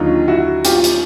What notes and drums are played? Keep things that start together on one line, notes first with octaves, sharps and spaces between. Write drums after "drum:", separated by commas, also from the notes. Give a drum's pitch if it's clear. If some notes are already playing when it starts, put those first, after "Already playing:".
Already playing: D#2 D3 F#3 D#4 F4
E4 F#4
F4 G4, drum: hi-hat
drum: hi-hat